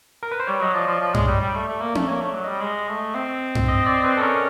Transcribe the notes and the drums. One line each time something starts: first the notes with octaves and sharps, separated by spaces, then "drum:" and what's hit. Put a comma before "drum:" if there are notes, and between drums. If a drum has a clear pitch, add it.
A#4
B4
C5
G3 C#5
F#3 D#5
F3 D5
F3
F3
G#3, drum: tom G2
G3
G3
A3
A3
A#3
A3, drum: tom C4
A#3 C#5
A3
F#3
G3 D#5
G#3
D#5
A3
C4
drum: tom G2
D#5
D5
B4
A4
C#4 A#4